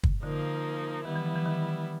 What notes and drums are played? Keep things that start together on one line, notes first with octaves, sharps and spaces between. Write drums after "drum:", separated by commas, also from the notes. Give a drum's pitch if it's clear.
drum: kick
D3 F3 A#3 D#4
D#3 G3 B3 E4
E3
F3
E3
D#3